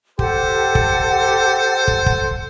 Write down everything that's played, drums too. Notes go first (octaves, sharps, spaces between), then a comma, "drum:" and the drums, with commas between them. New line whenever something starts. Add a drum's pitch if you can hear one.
G4 A4 C5 F#5, drum: kick
drum: kick
drum: kick
drum: kick